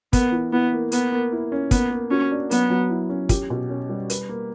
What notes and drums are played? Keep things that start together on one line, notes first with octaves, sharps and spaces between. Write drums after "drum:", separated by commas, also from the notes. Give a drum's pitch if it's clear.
B3 A#4, drum: kick, hi-hat
E3
B3 E4
A#3
B3 A#4, drum: hi-hat
A#3
E4
C#4
A#3 B3, drum: kick, hi-hat
A#3
C#4 F#4
D4
F#3 B3, drum: hi-hat
F#3
E4
C#4
G4, drum: kick, hi-hat
B2
C#4
G3
B4, drum: hi-hat
A#3